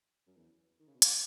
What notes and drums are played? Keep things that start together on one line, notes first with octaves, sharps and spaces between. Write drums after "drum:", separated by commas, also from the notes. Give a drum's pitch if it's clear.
F#2
E2
D#3
C#3
B2
C#3, drum: hi-hat